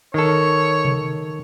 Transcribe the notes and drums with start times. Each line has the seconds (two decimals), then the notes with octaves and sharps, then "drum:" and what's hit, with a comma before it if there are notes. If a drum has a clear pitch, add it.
0.14 D#3 A4 C#5
0.85 drum: tom C3